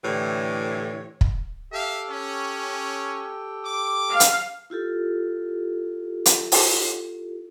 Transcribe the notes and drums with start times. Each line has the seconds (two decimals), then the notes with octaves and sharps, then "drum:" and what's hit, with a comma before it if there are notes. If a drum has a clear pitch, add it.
0.04 A2 D3 E3 G4 C#5
1.21 drum: kick
1.73 G4 A4 E5 F5 G5
2.09 C#4
3.65 D6
4.10 F5
4.20 drum: hi-hat
4.70 E4 F4 G4 A4
6.26 drum: hi-hat
6.52 drum: open hi-hat